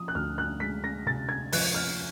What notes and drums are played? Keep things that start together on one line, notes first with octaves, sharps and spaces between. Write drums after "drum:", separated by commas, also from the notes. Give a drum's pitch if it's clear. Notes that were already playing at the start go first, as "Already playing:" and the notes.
Already playing: F3 D#6
F#6
D2 F6
F#6
G#3 B6
A#6
C3 A6
G#6
F3 F#6, drum: open hi-hat
F6